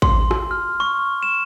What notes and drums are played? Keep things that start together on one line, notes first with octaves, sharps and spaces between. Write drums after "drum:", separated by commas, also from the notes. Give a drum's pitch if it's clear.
C6, drum: kick
drum: rim click
F6
C#6
E7